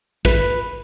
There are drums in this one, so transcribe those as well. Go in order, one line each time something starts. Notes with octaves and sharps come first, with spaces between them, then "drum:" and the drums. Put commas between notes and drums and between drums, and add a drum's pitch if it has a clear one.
B4, drum: kick